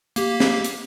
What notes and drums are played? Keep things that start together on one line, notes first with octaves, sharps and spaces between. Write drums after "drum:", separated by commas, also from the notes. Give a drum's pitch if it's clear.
A#3 G4, drum: hi-hat
drum: snare
drum: hi-hat